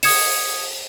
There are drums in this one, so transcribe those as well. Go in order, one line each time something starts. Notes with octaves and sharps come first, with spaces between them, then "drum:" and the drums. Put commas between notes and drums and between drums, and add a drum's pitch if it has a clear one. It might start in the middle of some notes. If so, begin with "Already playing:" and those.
D#6 G#6 C#7 E7, drum: open hi-hat